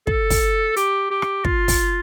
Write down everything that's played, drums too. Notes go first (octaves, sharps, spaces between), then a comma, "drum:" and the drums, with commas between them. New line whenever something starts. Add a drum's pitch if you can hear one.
A4, drum: kick
drum: kick, open hi-hat
G4, drum: hi-hat
G4
drum: rim click
F4, drum: kick
drum: kick, open hi-hat